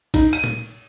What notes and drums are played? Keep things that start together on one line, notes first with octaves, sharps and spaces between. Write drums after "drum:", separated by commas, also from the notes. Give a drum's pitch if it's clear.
D#4, drum: kick A#1, cymbal
D#7
drum: tom A#2